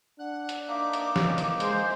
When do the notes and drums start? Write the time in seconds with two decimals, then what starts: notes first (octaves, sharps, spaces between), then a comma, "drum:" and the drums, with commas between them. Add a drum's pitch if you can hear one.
0.19 D4 F#5 F#6
0.49 drum: hi-hat
0.68 A#3 D#4 E5 D6
0.93 drum: hi-hat
1.16 drum: snare
1.38 drum: hi-hat
1.60 G#3 C5, drum: hi-hat